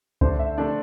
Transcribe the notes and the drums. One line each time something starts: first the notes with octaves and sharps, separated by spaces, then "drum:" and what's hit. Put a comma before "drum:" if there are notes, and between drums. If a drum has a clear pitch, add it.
D3 A3 D4 C5, drum: kick C#2
E5
D3 A3 D4 D5